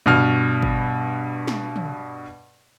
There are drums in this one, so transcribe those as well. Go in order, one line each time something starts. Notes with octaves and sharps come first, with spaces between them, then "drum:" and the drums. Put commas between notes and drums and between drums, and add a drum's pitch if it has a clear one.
G2 B2 F6, drum: tom
drum: kick G1
drum: snare
drum: tom